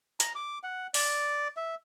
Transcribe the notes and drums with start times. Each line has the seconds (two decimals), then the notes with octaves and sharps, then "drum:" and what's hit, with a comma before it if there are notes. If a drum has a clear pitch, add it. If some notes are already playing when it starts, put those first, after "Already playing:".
0.20 A#5, drum: hi-hat
0.35 D6
0.64 F#5
0.94 D5, drum: open hi-hat
1.57 E5